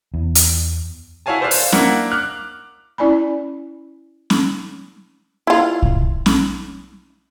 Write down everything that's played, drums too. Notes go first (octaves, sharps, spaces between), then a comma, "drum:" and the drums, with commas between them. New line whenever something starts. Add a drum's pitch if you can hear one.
E2
drum: hi-hat
E4 F#4 C#5 F5 G#5 A5
B4 C5 D5 F5
drum: open hi-hat
A#3 D4 E4 A#4 F#5, drum: snare C#4
D6 F6 F#6
C#4 E4 D5 G#5 B5
drum: snare C#4
E4 F4
drum: kick
drum: snare C#4